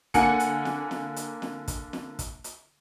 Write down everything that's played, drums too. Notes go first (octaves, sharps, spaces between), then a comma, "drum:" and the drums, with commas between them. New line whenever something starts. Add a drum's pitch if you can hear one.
D3 A#3 F#5 G#5 C#7, drum: kick, hi-hat
drum: hi-hat
drum: snare
drum: snare
drum: hi-hat
drum: snare
drum: kick, hi-hat
drum: snare
drum: kick, hi-hat
drum: hi-hat